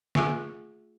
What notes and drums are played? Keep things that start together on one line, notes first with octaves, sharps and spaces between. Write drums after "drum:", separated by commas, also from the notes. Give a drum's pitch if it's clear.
A3 F4 G#4 E5 G#5 C#6, drum: snare